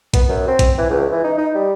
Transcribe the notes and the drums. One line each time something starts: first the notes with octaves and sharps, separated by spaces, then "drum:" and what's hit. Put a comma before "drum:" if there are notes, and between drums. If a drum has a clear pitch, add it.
B3, drum: kick, hi-hat
F#2
C4
drum: kick, hi-hat
E3
C#2
E3
D#4
D#4
G3